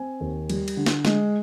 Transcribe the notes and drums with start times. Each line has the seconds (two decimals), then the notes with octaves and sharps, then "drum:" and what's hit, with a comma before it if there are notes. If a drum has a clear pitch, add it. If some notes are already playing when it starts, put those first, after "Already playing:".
Already playing: C4 G#5
0.20 D#2
0.50 G3, drum: cymbal
0.68 drum: cymbal
0.77 D3
0.86 drum: snare
1.05 G#3, drum: snare